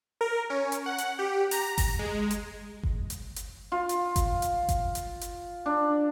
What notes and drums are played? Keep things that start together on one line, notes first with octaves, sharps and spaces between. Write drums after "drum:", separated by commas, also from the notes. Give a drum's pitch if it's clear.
A#4
C#4
drum: hi-hat
F#5
drum: hi-hat
G4
A#5, drum: open hi-hat
drum: kick G1, open hi-hat
G#3
drum: hi-hat
drum: kick G1
drum: hi-hat
drum: hi-hat
F4
drum: hi-hat
drum: kick G1, hi-hat
drum: hi-hat
drum: kick G1, hi-hat
drum: hi-hat
drum: hi-hat
D4